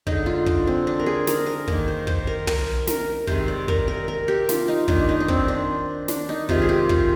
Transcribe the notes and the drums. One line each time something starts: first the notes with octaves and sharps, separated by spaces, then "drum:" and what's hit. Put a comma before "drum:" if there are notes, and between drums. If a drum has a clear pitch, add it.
D3 G#3 D#4, drum: kick
F4
D4, drum: kick
C4
D4
A#4
G#4
A#4, drum: snare
A#4
D#3 A#3, drum: kick
C5
C5, drum: kick
A#4
A#4, drum: tom
A#4, drum: snare
C3 D#3 G#3 C5, drum: kick
D5
A#4, drum: kick
A#4
A#4
G4
F4, drum: snare
D#4
D#3 A#3 D4, drum: kick
D#4
D4
C4, drum: kick
D4
D4, drum: snare
D#4
C3 D#3 G#3 F4, drum: kick
G#4
G4
F4, drum: kick